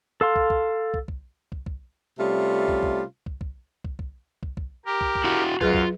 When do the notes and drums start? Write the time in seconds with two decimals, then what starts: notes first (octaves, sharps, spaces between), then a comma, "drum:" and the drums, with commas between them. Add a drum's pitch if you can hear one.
0.21 A4 F5 C6
0.36 drum: kick
0.50 drum: kick
0.94 drum: kick
1.08 drum: kick
1.52 drum: kick
1.66 drum: kick
2.19 C3 G3 A3 C#4 F4
2.68 drum: kick
2.83 drum: kick
3.26 drum: kick
3.41 drum: kick
3.84 drum: kick
3.99 drum: kick
4.43 drum: kick
4.57 drum: kick
4.86 G4 A#4
5.01 drum: kick
5.15 drum: kick
5.24 E4 F#4
5.61 F#2 F#3 F4 G#4 B4, drum: kick
5.73 drum: kick